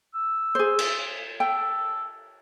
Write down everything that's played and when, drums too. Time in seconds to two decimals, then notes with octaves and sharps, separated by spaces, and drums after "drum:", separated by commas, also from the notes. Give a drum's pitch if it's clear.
0.14 E6
0.55 G#4 C5
0.79 drum: cymbal
1.40 A4 G5